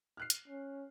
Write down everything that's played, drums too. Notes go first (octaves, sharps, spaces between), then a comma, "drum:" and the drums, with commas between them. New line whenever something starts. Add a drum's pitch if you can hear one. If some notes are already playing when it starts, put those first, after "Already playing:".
F6 F#6 C7
drum: hi-hat
C#4